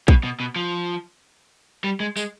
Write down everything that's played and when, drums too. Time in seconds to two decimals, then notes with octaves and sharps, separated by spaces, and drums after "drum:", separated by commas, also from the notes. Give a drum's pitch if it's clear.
0.08 B2, drum: kick
0.24 B2
0.40 B2
0.56 F3
1.84 G3
2.00 G#3
2.17 G#3, drum: tambourine